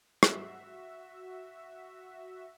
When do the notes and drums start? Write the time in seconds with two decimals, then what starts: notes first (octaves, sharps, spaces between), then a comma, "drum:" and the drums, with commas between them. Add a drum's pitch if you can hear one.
0.23 F#4 E5, drum: rim click